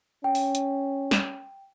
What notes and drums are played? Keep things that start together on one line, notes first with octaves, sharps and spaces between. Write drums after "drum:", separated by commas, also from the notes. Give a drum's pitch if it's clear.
C#4 G5
drum: open hi-hat
drum: hi-hat
drum: snare